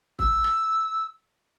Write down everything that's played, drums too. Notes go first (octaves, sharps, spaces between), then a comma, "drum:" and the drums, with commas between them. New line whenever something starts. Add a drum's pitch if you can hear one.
E6, drum: kick
drum: rim click